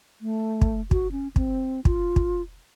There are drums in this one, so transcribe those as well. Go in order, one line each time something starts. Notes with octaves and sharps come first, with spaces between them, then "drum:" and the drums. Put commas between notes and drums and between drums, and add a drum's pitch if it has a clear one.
A3
drum: kick
F#4, drum: kick
C#4
C4, drum: kick
F4, drum: kick
drum: kick